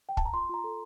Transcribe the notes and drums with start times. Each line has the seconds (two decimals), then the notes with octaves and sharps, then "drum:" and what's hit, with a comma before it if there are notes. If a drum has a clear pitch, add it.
0.09 G5
0.17 A5, drum: kick
0.25 A#5
0.33 F4 C6
0.49 F4 A#5
0.64 A4